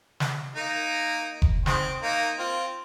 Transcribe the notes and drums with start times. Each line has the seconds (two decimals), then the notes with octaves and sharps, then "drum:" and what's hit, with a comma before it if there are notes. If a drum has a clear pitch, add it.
0.20 drum: snare
0.56 A#3 D#4
1.42 drum: kick F1
1.66 D#3 G#3 C4, drum: snare
2.03 A#3 D#4
2.39 C4 F4